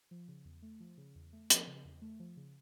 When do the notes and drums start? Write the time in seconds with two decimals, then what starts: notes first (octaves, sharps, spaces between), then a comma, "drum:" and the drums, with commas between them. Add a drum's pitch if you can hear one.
0.11 F3
0.28 C#3
0.45 E2
0.62 A3
0.80 F3
0.98 C#3
1.15 E2
1.33 A3
1.50 F3, drum: hi-hat
1.67 C#3
1.85 E2
2.02 A3
2.20 F3
2.37 C#3